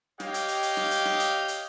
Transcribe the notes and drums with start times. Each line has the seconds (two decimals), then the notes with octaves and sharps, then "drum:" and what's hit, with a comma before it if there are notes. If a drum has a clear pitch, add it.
0.20 G4 C#5 D#5 F5 G5, drum: snare
0.34 drum: hi-hat
0.48 drum: hi-hat
0.63 drum: hi-hat
0.77 drum: snare
0.91 drum: hi-hat
1.05 drum: snare
1.20 drum: hi-hat
1.48 drum: hi-hat